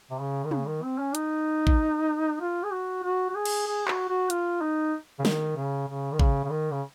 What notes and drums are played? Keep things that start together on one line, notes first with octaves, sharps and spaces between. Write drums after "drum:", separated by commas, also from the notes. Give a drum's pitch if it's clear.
C3
C#3
D#3
C#3, drum: tom
D#3
C4
C#4
D#4, drum: hi-hat
drum: kick
F4
G#4
F#4
F#4
F#4
G#4
drum: cymbal
G#4
F#4, drum: clap
F#4
F4, drum: hi-hat
D#4
C#3
D#3, drum: snare
C#3
C#3
D#3
C#3, drum: kick
C#3
D#3
C#3